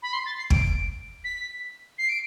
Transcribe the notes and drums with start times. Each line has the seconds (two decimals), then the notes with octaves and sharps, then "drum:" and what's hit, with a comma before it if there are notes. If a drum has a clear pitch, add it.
0.03 B5
0.13 C6
0.26 A6
0.38 C7
0.50 D7, drum: kick
1.24 B6
1.98 C7
2.09 D7